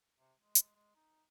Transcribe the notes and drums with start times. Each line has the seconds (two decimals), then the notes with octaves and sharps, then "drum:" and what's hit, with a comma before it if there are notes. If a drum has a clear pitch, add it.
0.19 C3
0.40 G#3
0.55 drum: hi-hat
0.75 G#3
0.95 D#4